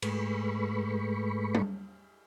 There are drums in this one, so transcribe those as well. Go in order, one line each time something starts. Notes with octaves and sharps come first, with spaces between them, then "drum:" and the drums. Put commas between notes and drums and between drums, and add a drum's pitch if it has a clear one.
G#2 G#3 A3 B4 B5 C#6, drum: cymbal
drum: tom G3